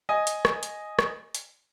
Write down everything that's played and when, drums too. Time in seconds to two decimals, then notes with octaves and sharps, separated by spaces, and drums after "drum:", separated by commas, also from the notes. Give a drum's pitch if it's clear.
0.09 D#5 G#5
0.27 drum: hi-hat
0.45 drum: rim click
0.63 drum: hi-hat
0.99 drum: rim click
1.35 drum: hi-hat